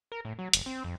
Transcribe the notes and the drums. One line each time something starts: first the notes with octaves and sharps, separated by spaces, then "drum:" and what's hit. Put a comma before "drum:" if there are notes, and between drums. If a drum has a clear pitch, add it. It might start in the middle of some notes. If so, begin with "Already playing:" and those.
A#4
A2
F#3
F#1, drum: hi-hat
C4
F2